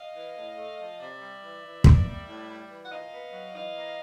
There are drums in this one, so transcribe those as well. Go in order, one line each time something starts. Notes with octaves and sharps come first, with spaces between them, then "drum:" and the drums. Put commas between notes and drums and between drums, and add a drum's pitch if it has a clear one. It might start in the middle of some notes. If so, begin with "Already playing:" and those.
Already playing: D#5 F5
E3
A2
A3
F3
C3 D5 E5
G3
E3
E3
A#3, drum: kick
G3
A2
G3
E3
F#5
A#2 D#5 F5
B3
F#3
E3 D#5 F5
A#3